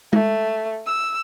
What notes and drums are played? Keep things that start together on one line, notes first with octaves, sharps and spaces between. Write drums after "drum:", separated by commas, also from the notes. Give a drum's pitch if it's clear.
A3, drum: tom G#3
E6